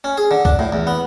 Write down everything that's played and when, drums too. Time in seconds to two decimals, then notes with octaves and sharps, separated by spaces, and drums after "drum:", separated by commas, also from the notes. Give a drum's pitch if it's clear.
0.04 C#4
0.17 G#4
0.31 D3
0.45 D4, drum: kick C2
0.59 A2
0.72 E2
0.87 B3